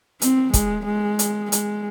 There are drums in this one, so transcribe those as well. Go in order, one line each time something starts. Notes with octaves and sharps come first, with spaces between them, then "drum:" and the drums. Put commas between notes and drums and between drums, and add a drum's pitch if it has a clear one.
C4, drum: hi-hat
G#3, drum: kick, hi-hat
G#3
drum: hi-hat
G#3, drum: hi-hat